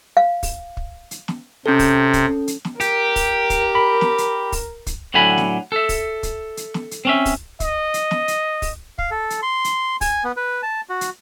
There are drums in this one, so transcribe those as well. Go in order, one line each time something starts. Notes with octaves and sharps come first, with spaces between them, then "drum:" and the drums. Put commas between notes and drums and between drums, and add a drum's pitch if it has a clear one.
F5
drum: kick, open hi-hat
drum: kick
drum: hi-hat
drum: snare
C3 C#4 A4
drum: kick, open hi-hat
drum: kick, hi-hat
drum: hi-hat
drum: snare
G4 A#4, drum: hi-hat
drum: kick, open hi-hat
drum: kick, hi-hat
B5
drum: snare
drum: hi-hat
drum: kick, open hi-hat
drum: kick, hi-hat
A2 D3 F#3 G#5 B5
drum: snare
A4 E5
drum: kick, open hi-hat
drum: kick, hi-hat
drum: hi-hat
drum: snare
drum: hi-hat
C4 C#4 E5
drum: kick, open hi-hat
D#5, drum: kick, hi-hat
drum: hi-hat
drum: snare
drum: hi-hat
drum: kick, open hi-hat
F5, drum: kick
A4
drum: hi-hat
C6
drum: hi-hat
G#5, drum: kick, open hi-hat
B3
B4
A5
F#4
drum: hi-hat